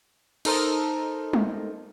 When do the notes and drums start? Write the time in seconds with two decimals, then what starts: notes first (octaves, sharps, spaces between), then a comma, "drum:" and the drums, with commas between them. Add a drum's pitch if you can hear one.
0.45 D#4 A4 A#4 C5 D#5, drum: cymbal
1.33 drum: tom G3